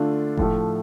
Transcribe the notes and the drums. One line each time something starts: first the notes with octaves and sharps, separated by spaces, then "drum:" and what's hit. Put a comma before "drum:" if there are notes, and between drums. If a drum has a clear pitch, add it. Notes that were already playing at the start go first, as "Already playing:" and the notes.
Already playing: D3 A3 D4 F4
A2 F3 A3, drum: kick F#1